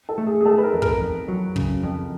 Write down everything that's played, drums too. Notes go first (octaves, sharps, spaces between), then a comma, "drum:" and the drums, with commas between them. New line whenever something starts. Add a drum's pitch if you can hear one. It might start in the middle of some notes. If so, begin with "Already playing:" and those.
A4
A3
G#4
G#4
A3 A4
B4
A#4
F2
A#4, drum: kick
F2
F#3
C#3, drum: kick
F2